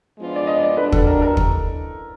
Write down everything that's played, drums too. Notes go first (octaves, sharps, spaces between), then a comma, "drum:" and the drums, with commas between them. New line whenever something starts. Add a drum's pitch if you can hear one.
F3 G#3 B3 D4 F4
D5
D#5
D5
B2 G3 B3 D4 B4
A4, drum: kick
A#4
A#4
drum: kick